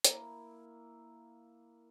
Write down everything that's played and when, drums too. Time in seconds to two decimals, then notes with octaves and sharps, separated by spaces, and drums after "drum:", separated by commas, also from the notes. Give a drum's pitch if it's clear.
0.04 A#3 E4, drum: hi-hat